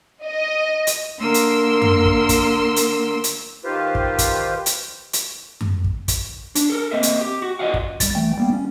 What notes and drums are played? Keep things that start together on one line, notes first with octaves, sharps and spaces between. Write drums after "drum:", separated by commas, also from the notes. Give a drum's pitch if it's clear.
D#5
drum: hi-hat
D3 A#3 A#4 C6 E6
drum: hi-hat
drum: tom F#2
drum: kick
drum: kick, hi-hat
drum: hi-hat
drum: hi-hat
D#3 F4 G4 B4 C5
drum: kick
drum: kick, hi-hat
drum: hi-hat
drum: hi-hat
drum: tom F#2
drum: kick
drum: kick, hi-hat
D4, drum: hi-hat
A4 A#4
A#3 C4 D#5 E5
drum: hi-hat
G4
F#4
F4 B4 D5 D#5 F5 F#5
drum: kick
G3 A6, drum: kick, hi-hat
E3 A3 G5
G3 A#3 B3
C#4